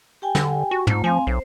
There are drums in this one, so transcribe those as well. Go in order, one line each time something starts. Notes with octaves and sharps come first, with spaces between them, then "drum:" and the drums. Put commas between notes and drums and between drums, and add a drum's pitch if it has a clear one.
G4 G5 G#5
D3, drum: snare
F#4
G#2 A3 F4, drum: tom
F3 C4 F5 G#5
B1 C5